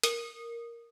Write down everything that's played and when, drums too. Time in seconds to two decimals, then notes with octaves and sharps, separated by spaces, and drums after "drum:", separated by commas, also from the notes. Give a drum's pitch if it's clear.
0.03 A#4, drum: hi-hat